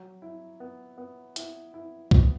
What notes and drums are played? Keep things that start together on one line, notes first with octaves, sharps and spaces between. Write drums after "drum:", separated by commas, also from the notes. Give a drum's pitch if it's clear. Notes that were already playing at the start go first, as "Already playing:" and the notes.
Already playing: F#3
E4
B3
B3
E4, drum: hi-hat
E4
B3, drum: kick